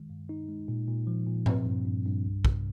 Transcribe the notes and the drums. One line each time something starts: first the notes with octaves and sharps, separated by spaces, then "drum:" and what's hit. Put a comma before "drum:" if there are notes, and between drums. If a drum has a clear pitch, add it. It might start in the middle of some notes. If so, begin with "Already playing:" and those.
Already playing: D#3 G#3
G2
D#4
G#3
A#2
A#2
F3
A#2
C4, drum: tom G#2
G2
G2
G2
C2
C3, drum: kick